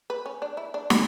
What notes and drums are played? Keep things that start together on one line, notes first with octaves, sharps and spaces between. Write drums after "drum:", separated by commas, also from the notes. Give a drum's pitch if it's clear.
B4
C#4
D4
E4
D4
F#3, drum: snare